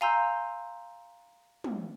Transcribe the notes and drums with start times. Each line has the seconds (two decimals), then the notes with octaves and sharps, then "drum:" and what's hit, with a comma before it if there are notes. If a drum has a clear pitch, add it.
0.01 F5 G#5 A#5 C6 E6 G6
1.64 drum: tom